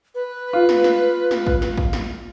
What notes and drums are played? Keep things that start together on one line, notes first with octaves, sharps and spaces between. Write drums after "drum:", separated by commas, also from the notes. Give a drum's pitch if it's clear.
B4
F4
drum: snare
drum: snare
drum: snare
drum: kick A1
drum: snare
drum: kick A1
drum: snare